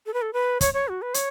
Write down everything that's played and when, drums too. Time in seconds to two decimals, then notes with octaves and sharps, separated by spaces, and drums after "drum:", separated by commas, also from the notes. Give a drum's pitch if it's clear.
0.06 A4
0.14 B4
0.22 A4
0.33 B4
0.61 C#5, drum: kick, hi-hat
0.74 C#5
0.88 F#4
1.02 B4
1.14 C#5, drum: hi-hat